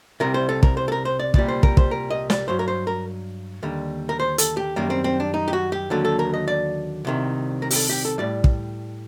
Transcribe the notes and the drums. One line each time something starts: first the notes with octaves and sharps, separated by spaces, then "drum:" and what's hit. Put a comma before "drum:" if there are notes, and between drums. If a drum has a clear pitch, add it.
C2 C3 G3 A#4
C5
A4
A#4, drum: kick
C5
A4
A#4
C5
D5
C2 A#2 G3 D5, drum: kick
C5
A#4, drum: kick
C5, drum: kick
A#4
D#5
D5, drum: snare
G2 F#3 C5
A#4
C5
A#4
D#2 D3 G3
A#4
C5
A4, drum: hi-hat
G4
F#2 D#3 G3 A#3
C4
C4
D4
D#4
G4
F#4
G4
D#2 D3 F#3 A4
A4
A#4
D#5
D5
C2 C3 D#3
A#4
G4, drum: open hi-hat
A4
G4
A4
A2 G3 D5
drum: kick